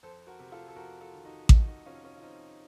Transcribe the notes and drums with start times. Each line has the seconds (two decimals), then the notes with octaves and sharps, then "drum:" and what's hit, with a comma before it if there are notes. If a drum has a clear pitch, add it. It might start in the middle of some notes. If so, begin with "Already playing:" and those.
0.03 F2 A4 C5
0.27 F#4 A#4
0.39 C3
0.52 F4 A4
0.68 A4
0.76 F2 F#4 A#4
1.01 F4 A4
1.13 D#3
1.25 D#4 F#4
1.49 F2 D#4 F#4, drum: kick A1
1.68 D#4 F#4
1.86 C3 C#4 F4
2.04 C#4 F4
2.17 F4
2.22 F2 C4 D#4